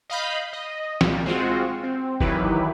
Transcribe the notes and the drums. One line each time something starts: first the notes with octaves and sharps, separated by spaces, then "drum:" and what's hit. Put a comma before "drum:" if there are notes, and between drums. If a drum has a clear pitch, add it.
D#5 F5 B5 G6
D#5
C2 A#2 G3, drum: snare
G#3 C4 F4 F#4
C4
D#3 E3 F#3 E4 G4 B4, drum: kick